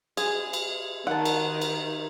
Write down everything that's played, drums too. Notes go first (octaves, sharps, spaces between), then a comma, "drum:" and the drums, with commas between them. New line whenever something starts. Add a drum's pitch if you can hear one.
G#4, drum: cymbal
drum: cymbal
D#3 F#5 A5
drum: cymbal
drum: cymbal